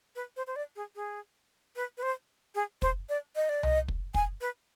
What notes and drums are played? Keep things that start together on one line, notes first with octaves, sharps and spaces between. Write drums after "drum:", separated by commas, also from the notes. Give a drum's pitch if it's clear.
B4
C5
C5
D5
G#4
G#4
B4
B4
C5
G#4
C5, drum: kick
D5
D#5
D5
D#5, drum: tom C2
drum: kick
G#5, drum: kick
B4